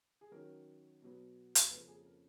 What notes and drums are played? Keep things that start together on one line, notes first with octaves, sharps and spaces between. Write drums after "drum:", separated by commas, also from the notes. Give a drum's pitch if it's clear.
G#4
D#3 F#3 C#4 A#4
B2 F#3 B3
drum: hi-hat
F2 C#3 F3 A#3 C#4 B4
G#4
A#4